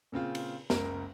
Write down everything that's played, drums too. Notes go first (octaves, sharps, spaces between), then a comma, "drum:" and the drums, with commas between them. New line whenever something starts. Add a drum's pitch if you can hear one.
A#2 C#3 C4 F4
drum: cymbal
F#1 C#2 A#4, drum: snare